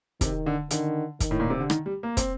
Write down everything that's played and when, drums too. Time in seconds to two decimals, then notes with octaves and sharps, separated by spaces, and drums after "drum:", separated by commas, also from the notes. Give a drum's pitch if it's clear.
0.21 C3 D#3, drum: kick, hi-hat
0.46 D3
0.71 D3 D#3, drum: hi-hat
1.20 D#3, drum: kick, hi-hat
1.31 A2
1.40 A#2
1.50 C3
1.59 D3
1.70 D#3, drum: rim click
1.86 G3
2.03 A#3
2.17 C4, drum: kick, hi-hat